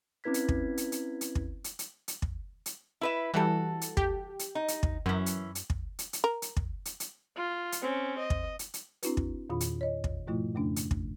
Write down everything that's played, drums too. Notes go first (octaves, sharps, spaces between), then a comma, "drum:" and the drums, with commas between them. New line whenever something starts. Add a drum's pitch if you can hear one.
C4 C#4 E4 B4 G#6 B6
drum: hi-hat
drum: kick
drum: hi-hat
drum: hi-hat
drum: hi-hat
drum: kick
drum: hi-hat
drum: hi-hat
drum: hi-hat
drum: kick
drum: hi-hat
E4 B4 E5
E3 G3 F#4 A4
drum: hi-hat
G4, drum: kick
drum: hi-hat
D#4
drum: hi-hat
drum: kick
F#2 E3 C#4
drum: hi-hat
drum: hi-hat
drum: kick
drum: hi-hat
drum: hi-hat
A#4
drum: hi-hat
drum: kick
drum: hi-hat
drum: hi-hat
F4
drum: hi-hat
C4 C#4
D#5
drum: kick
drum: hi-hat
drum: hi-hat
C4 D4 E4 F#4 B4, drum: hi-hat
drum: kick
E2 A#2 D#3 F4 B5
drum: hi-hat
C#5 D#5
drum: kick
G#2 B2 F3 A3 E4 F4
F2 C#3 A3 C#4 D4
drum: hi-hat
drum: kick